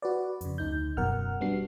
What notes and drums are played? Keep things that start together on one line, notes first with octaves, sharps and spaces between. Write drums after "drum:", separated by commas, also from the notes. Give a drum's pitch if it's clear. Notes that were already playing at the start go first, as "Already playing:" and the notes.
F#4 B4 D5
F2 C#3, drum: hi-hat
D2 D#4 G6
F#2 B2 A#4 F#5 F6, drum: kick D#1
G3 B3 D4 F#4 C7